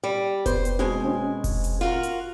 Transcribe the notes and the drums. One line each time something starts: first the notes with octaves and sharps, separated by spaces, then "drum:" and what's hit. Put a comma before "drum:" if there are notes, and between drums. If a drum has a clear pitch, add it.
G3
B3 C5, drum: kick F1, hi-hat
drum: hi-hat
B2 G#3 C4 G#5
C4 C#4
drum: kick F1, open hi-hat
drum: hi-hat
F4 F#4 A#4
drum: hi-hat